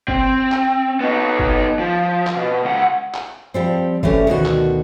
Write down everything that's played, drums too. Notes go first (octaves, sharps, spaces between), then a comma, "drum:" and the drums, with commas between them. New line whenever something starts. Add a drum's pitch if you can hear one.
C4, drum: kick F#1
drum: clap
B3 D#4
drum: kick F#1
F3
drum: clap
B2
C#2 F#5
drum: clap
F3 G3 C4
E3 G3 A3 C#4, drum: kick F#1
D2 B2 D#3 F#4
drum: clap